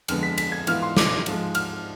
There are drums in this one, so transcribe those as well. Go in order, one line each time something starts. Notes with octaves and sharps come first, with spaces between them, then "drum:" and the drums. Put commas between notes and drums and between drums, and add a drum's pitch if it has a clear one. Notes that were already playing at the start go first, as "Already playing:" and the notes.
F2 D3 G#3 B3 F6, drum: cymbal
B6
B6, drum: cymbal
G#6
G#2 E3 B3 F4 F6, drum: cymbal
C6
D6, drum: snare
G#2 F3 G#3, drum: cymbal
F6, drum: cymbal